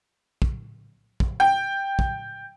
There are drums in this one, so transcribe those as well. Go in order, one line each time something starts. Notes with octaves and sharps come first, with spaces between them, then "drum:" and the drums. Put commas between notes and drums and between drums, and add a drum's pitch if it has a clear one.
drum: kick
drum: kick
G5
drum: kick